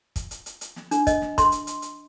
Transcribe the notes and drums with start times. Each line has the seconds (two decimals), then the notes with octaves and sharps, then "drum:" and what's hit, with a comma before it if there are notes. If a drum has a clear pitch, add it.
0.16 drum: kick, hi-hat
0.31 drum: hi-hat
0.46 drum: hi-hat
0.61 drum: hi-hat
0.76 drum: snare
0.91 D4, drum: hi-hat
1.07 D#5, drum: kick, hi-hat
1.22 drum: snare
1.38 C6, drum: kick, hi-hat
1.52 drum: hi-hat
1.67 drum: hi-hat
1.82 drum: hi-hat